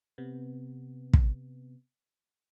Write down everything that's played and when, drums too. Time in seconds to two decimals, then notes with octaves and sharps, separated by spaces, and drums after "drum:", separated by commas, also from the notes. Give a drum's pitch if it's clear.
0.18 C3 B3
1.14 drum: kick